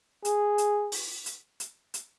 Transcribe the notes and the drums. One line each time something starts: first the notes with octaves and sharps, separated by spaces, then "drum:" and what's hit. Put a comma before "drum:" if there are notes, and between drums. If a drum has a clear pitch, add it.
G#4, drum: hi-hat
drum: hi-hat
drum: open hi-hat
drum: hi-hat
drum: hi-hat
drum: hi-hat